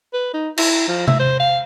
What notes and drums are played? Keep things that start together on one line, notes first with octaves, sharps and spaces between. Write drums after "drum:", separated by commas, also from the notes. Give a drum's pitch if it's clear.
B4
D#4
E4, drum: cymbal
F3
E5, drum: tom C3
C5
F5